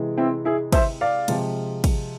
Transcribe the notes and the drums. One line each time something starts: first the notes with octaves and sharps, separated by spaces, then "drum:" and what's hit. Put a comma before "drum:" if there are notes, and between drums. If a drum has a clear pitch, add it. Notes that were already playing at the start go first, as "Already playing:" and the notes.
Already playing: C3 E3 G#3
C4 E4
E4 G#4
C5 E5, drum: kick, cymbal
D5 F5
C3 F3 G#3, drum: cymbal
drum: kick, cymbal